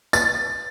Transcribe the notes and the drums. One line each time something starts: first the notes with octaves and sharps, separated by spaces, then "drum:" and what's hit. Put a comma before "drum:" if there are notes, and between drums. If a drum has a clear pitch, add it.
A6, drum: tambourine